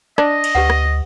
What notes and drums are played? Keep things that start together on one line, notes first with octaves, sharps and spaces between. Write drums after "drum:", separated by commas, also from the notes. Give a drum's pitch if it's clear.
D4 D#5, drum: rim click
drum: cymbal
D2 G4 B4 F#5
drum: rim click